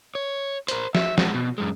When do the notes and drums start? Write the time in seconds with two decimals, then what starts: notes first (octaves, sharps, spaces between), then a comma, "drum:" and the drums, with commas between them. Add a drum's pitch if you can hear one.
0.15 C#5
0.68 A#4 C5, drum: hi-hat
0.95 E5, drum: snare
1.18 G#3 F#4, drum: snare
1.34 B2
1.58 F#2 G#3